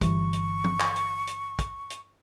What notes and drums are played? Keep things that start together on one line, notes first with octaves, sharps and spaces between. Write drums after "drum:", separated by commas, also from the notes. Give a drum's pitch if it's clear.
G1 E3 G3 C#6, drum: kick, hi-hat
drum: hi-hat
drum: tom
drum: clap
drum: hi-hat
drum: hi-hat
drum: kick, hi-hat
drum: hi-hat